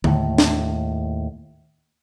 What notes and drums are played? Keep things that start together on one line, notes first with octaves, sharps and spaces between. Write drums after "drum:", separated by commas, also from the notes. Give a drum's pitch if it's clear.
D#2 A2, drum: tom D3
drum: snare